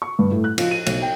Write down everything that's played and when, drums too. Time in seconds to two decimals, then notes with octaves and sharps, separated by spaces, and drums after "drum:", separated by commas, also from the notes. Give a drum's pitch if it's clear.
0.02 C#6
0.19 G2
0.31 A2
0.44 F#6
0.58 F3, drum: cymbal
0.71 D#7
0.86 B1, drum: cymbal
1.02 G5